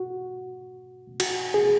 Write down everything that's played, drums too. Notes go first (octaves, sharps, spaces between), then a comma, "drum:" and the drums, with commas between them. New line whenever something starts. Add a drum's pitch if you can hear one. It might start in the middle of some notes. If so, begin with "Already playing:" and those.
Already playing: F#4
F#4, drum: cymbal
G#4